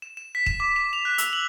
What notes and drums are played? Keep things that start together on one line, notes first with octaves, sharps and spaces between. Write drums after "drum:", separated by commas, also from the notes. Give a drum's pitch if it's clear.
E7
E7
B6
E7, drum: kick
D6
E7
F7
F#6
E6, drum: hi-hat
F#7